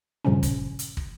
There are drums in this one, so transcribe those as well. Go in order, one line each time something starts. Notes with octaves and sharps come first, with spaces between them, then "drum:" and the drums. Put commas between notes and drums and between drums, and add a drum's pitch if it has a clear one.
G2 A#2 C#3 F3 G3 C#4
drum: kick, hi-hat
drum: hi-hat
drum: kick